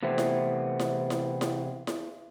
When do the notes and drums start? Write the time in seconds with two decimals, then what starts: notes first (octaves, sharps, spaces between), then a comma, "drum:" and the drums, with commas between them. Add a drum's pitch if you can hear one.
0.03 C3 E3 A3 B3 C4
0.18 drum: snare E4
0.80 drum: snare E4
1.10 drum: snare E4
1.41 drum: snare E4
1.87 drum: snare E4